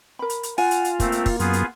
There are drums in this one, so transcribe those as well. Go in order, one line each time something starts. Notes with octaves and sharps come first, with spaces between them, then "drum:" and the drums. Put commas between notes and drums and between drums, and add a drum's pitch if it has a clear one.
A#4 B5
drum: hi-hat
drum: hi-hat
F4 F#5 G#5, drum: open hi-hat
drum: hi-hat
drum: hi-hat
A3 A#3 C4, drum: kick, hi-hat
drum: hi-hat
drum: kick, open hi-hat
F#2 B3 F4 G#4, drum: hi-hat
drum: hi-hat